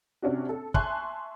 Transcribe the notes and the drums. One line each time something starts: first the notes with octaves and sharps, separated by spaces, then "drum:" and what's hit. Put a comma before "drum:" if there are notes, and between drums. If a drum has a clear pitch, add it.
C3 C#4 D4 F#4
A4
E5 G#5 A5 C6 C#6 F#6, drum: kick